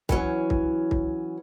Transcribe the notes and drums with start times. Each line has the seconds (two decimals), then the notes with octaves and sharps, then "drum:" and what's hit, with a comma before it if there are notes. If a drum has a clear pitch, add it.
0.09 E3 F#3 C#4, drum: kick C2
0.50 drum: kick C2
0.91 drum: kick C2